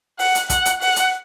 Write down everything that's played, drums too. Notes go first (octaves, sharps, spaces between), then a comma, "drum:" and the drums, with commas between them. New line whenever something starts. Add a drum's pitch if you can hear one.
F#5, drum: open hi-hat
drum: hi-hat
F#5, drum: kick, hi-hat
drum: hi-hat
F#5, drum: open hi-hat
drum: hi-hat